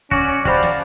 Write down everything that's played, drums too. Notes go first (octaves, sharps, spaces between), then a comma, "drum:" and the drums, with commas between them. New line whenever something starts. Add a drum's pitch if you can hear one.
C#4 F#4 D5, drum: kick
F#4 G4 C5 D5 F5 A5 B5, drum: kick
drum: snare